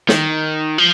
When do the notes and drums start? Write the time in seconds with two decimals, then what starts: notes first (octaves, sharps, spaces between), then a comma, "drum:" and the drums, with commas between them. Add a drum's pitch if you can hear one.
0.09 D#3, drum: snare
0.78 F3